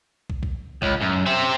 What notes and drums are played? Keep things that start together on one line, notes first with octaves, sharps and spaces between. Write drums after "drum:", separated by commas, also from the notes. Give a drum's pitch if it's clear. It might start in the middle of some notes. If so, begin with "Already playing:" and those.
drum: kick
drum: kick
C#2, drum: kick
F#2
C4 E5